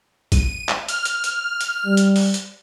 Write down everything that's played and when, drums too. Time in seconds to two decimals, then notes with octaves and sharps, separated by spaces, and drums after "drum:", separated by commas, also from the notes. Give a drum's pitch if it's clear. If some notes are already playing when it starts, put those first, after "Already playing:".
0.32 D#7, drum: kick, hi-hat
0.69 drum: clap
0.88 F6, drum: hi-hat
1.05 drum: hi-hat
1.24 drum: hi-hat
1.61 drum: hi-hat
1.86 G3
1.97 drum: hi-hat
2.16 drum: open hi-hat
2.34 drum: hi-hat